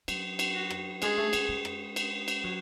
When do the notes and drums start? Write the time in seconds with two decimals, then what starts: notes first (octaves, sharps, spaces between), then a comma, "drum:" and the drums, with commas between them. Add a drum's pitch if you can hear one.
0.08 F#3, drum: cymbal
0.39 drum: cymbal
0.55 F#4
0.70 drum: rim click
1.02 G#3 G#4, drum: cymbal
1.18 A3
1.33 G#3, drum: cymbal
1.49 G#3
1.65 drum: rim click
1.96 drum: cymbal
2.28 drum: cymbal
2.44 F#3